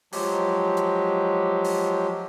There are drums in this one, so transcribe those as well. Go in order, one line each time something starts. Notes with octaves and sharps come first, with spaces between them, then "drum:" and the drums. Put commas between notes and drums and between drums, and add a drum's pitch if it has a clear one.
F3 F#3 G#3 G4, drum: open hi-hat
drum: hi-hat
drum: open hi-hat